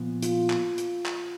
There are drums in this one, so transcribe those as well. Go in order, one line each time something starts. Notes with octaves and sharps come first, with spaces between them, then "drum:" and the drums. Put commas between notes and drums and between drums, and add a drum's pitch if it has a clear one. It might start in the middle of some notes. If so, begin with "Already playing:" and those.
Already playing: A#2 F3 B3
F4, drum: hi-hat
drum: clap
drum: hi-hat
drum: clap